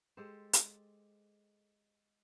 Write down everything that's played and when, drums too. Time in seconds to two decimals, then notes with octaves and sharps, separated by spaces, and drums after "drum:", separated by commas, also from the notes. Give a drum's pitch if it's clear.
0.17 G#3 G4 A4 C5
0.53 drum: hi-hat